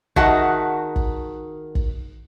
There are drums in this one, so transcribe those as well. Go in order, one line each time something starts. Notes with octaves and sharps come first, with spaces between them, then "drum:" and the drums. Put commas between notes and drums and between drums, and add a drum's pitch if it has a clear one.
D#3 F#4 G#4 E5 F#5 A5, drum: kick
drum: kick
drum: kick